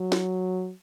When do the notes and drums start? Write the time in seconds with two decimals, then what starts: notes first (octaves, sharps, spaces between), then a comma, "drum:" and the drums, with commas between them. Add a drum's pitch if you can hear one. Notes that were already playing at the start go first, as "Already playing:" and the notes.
Already playing: F#3
0.12 drum: snare